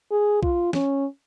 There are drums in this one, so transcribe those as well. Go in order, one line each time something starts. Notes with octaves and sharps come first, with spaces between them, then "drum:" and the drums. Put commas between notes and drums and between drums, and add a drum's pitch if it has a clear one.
G#4
F4, drum: kick B1
C#4, drum: snare